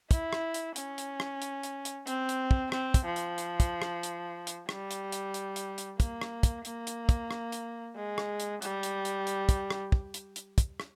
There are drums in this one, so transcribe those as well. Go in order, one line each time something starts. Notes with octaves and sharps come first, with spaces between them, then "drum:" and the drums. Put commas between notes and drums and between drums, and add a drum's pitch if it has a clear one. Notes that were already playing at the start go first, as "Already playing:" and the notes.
E4, drum: kick, hi-hat
drum: rim click
drum: hi-hat
C#4, drum: hi-hat
drum: hi-hat
drum: rim click
drum: hi-hat
drum: hi-hat
drum: hi-hat
C4, drum: hi-hat
drum: hi-hat
drum: kick
C4, drum: rim click
drum: kick, hi-hat
F3
drum: hi-hat
drum: hi-hat
drum: kick, hi-hat
drum: rim click
drum: hi-hat
drum: hi-hat
G3, drum: rim click
drum: hi-hat
drum: hi-hat
drum: hi-hat
drum: hi-hat
drum: hi-hat
A#3, drum: kick, hi-hat
drum: rim click
drum: kick, hi-hat
A#3, drum: hi-hat
drum: hi-hat
drum: kick, hi-hat
drum: rim click
drum: hi-hat
G#3
drum: rim click
drum: hi-hat
G3, drum: hi-hat
drum: hi-hat
drum: hi-hat
drum: hi-hat
drum: kick, hi-hat
drum: rim click
drum: kick
drum: hi-hat
drum: hi-hat
drum: kick, hi-hat
drum: rim click